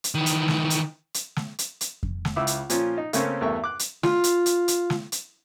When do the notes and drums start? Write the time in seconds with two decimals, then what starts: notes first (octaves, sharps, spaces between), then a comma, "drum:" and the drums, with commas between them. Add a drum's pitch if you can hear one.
0.04 drum: hi-hat
0.15 D#3 E3
0.26 drum: hi-hat
0.48 drum: snare
0.70 drum: hi-hat
1.14 drum: hi-hat
1.36 drum: snare
1.59 drum: hi-hat
1.81 drum: hi-hat
2.03 drum: kick F2
2.25 drum: snare
2.36 C#2 E4 D6 E6
2.47 drum: hi-hat
2.70 A#2 F3 C#4 F4, drum: hi-hat
2.98 D#4
3.13 C#3 A3 A#3 C4 C#4, drum: hi-hat
3.41 E2 G2 A3 A#4 E5 C#6
3.64 D6 F#6
3.79 drum: hi-hat
4.03 F4, drum: snare
4.24 drum: hi-hat
4.46 drum: hi-hat
4.68 drum: hi-hat
4.90 drum: snare
5.12 drum: hi-hat